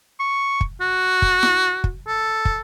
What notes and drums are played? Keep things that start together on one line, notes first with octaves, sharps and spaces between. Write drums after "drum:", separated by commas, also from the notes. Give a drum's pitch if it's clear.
C#6
drum: kick
F#4
drum: kick
drum: snare E4
drum: kick
A4
drum: kick